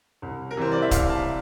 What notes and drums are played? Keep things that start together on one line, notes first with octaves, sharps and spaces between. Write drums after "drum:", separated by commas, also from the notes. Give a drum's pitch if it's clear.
C2
A#4
C3 E3 G3 C5
D5
E5
C2 F5, drum: kick C#1, hi-hat
A5